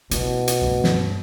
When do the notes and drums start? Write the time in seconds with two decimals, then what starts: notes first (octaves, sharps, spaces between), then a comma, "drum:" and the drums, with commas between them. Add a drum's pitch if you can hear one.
0.11 B2 E4, drum: hi-hat
0.48 drum: hi-hat
0.61 D2 G2
0.84 drum: snare